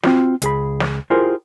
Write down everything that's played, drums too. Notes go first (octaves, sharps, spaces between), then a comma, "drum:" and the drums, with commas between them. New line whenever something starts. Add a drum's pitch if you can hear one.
C4 F4 F#4, drum: snare
C#2 G#4 B5, drum: hi-hat
drum: snare
E4 F4 G4 G#4 A#4 C5